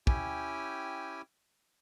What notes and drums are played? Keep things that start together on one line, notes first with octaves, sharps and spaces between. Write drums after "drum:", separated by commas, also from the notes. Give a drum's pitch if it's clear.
C#4 E4 G4 G5 G#5, drum: kick